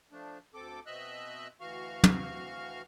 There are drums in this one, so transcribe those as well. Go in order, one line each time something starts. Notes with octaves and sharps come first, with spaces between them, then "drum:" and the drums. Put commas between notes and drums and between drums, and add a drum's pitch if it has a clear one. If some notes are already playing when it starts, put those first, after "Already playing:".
F3 A3 D4
D2 C4 A4 D6
B2 C4 D#5 E5 E6 F#6
D2 E3 F#4 F5 C#6 F6
drum: tom